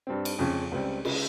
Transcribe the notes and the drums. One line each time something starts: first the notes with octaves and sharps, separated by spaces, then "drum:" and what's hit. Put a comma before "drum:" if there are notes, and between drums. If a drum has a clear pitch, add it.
G2 G3 C4
drum: cymbal
F2 C#3 F3 G#3 C#4
C#2 C#3 G3 C4
C#3 G#3, drum: cymbal